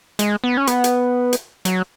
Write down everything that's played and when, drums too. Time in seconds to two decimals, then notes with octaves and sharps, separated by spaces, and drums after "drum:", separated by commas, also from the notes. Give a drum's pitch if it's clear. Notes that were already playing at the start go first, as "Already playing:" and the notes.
0.19 G#3, drum: hi-hat
0.44 B3
0.57 C#4
0.67 B3, drum: hi-hat
0.84 drum: hi-hat
1.33 drum: hi-hat
1.65 F#3, drum: hi-hat